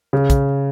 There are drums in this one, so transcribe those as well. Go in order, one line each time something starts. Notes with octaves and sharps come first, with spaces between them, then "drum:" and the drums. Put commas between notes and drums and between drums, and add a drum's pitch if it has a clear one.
C#3
drum: kick, hi-hat